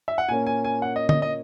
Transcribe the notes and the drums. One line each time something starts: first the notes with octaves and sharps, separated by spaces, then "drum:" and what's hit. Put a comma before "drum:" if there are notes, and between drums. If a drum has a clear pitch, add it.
E5
F#5
A#2 A#3 C#4 G#5
G#5
G#5
F#5
D#5
D#5, drum: tom
D#5